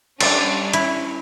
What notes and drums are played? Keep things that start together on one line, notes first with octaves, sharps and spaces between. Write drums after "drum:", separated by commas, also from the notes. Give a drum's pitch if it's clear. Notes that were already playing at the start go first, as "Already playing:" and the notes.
G3 C#4 D4 D5 E5, drum: cymbal
C#4 E4, drum: hi-hat